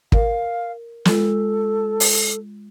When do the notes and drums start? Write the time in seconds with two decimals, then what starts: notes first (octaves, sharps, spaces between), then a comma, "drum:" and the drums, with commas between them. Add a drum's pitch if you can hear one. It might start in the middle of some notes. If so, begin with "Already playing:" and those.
0.12 A#4 F5, drum: kick
1.05 G#3 F4 A4, drum: snare
2.00 drum: open hi-hat